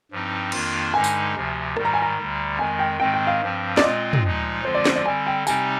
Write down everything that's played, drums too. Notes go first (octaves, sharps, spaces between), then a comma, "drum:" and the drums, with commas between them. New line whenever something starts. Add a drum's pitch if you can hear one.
G2 F3 C4 D#4
F2 D#3 A#3 D4 F4, drum: cymbal
G2 D3 G#3 D#4 G#5
drum: tambourine
D2 C3 F3
G#2 D#3 G3, drum: rim click
A#5
G#5
A#5
D2 D3 G3
F2 D#3 G#3 G#5
G5
G#2 D#3 G#3 C4 G5
G5
F5
G2 F3 C4
D5, drum: snare
A#2 G#3 C4 F4 D#5
drum: tom
A#2 F3 G#3 D#4
D3 F3 G#3 C4 F4 C5
D5
C5, drum: snare
D5
D3 G3 C4 G#5
G5
C3 G3 C4 D#4 G#5, drum: tambourine